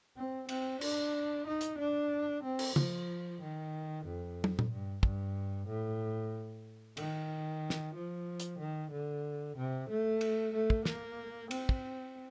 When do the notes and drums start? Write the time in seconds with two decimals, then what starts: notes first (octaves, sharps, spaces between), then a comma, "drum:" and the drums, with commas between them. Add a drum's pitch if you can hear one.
0.17 C4
0.49 C4, drum: cymbal
0.81 D4, drum: cymbal
1.47 D#4
1.61 drum: hi-hat
1.78 D4
2.43 C4
2.59 drum: cymbal
2.76 F3, drum: tom
3.41 D#3
4.06 F2
4.44 drum: tom
4.59 drum: tom A#2
4.71 G2
5.03 G2, drum: kick
5.67 A2
6.97 D#3, drum: cymbal
7.70 drum: snare
7.95 F3
8.40 drum: hi-hat
8.59 D#3
8.91 D3
9.57 C3
9.89 A3
10.21 drum: cymbal
10.54 A3
10.70 drum: kick
10.85 A#3, drum: snare
11.51 C4, drum: cymbal
11.69 drum: kick